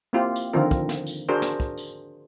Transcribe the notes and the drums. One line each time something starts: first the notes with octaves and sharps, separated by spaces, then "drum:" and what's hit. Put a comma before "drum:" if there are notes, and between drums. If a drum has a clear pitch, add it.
A#3 C4 E4 F4 G4
drum: tambourine
D3 D#3 F3 C4 F4 A#4
drum: kick
drum: snare
drum: tambourine
D4 F#4 G#4 A#4 C5
drum: snare
drum: kick
drum: tambourine